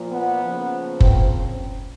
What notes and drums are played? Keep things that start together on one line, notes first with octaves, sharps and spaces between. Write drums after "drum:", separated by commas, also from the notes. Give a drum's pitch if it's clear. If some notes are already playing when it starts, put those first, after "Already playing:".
Already playing: A#2 F3 A#3
B3
C#3 F3 A#3
C4, drum: kick F#1